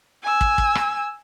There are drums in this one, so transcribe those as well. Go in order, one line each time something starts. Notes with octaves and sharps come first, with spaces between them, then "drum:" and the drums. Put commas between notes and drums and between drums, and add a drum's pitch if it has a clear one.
G#5 E6
drum: kick
drum: kick
drum: rim click